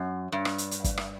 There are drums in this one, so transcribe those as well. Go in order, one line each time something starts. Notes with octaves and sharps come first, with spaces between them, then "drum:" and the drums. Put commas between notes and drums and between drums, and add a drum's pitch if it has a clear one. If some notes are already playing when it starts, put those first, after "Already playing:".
Already playing: F#2
G2
drum: rim click
drum: hi-hat
drum: hi-hat
drum: kick, hi-hat
drum: rim click